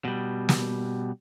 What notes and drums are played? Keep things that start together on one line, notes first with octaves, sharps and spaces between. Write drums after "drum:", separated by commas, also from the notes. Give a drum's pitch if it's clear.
B2 G3
drum: snare